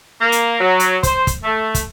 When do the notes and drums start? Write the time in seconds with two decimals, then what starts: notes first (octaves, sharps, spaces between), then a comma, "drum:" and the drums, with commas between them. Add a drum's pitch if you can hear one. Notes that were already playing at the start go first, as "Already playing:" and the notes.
0.21 A#3
0.32 drum: hi-hat
0.60 F#3
0.80 drum: hi-hat
1.03 C5, drum: kick, hi-hat
1.27 drum: kick, hi-hat
1.44 A3
1.75 drum: kick, hi-hat